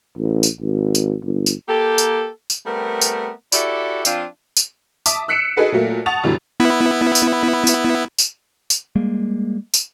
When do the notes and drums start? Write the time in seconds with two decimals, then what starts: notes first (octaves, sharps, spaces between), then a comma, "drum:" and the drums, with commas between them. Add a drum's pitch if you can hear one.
0.17 A1
0.43 drum: tambourine
0.61 G#1
0.95 drum: tambourine
1.23 G1
1.46 drum: tambourine
1.68 A#3 G4 A4
1.98 drum: tambourine
2.50 drum: tambourine
2.65 G3 A3 B3 C4 A#4
3.01 drum: tambourine
3.52 E4 F#4 G4 A4 D5 E5, drum: tambourine
4.05 F3 C4 D4 F4, drum: tambourine
4.57 drum: tambourine
5.06 E5 A5 D6 D#6, drum: tambourine
5.28 E6 F#6 B6 C#7 D7 E7
5.57 D#4 F#4 G#4 A4 B4 D#5
5.72 A#2 F#3 A3 A#3
6.06 F#5 A5 C#6 D#6 A6 F7
6.23 F#2 B2 D3 E3 F#3 G3
6.60 B3 E4
7.15 drum: tambourine
7.67 drum: tambourine
8.18 drum: tambourine
8.70 drum: tambourine
8.95 G3 G#3 A#3
9.74 drum: tambourine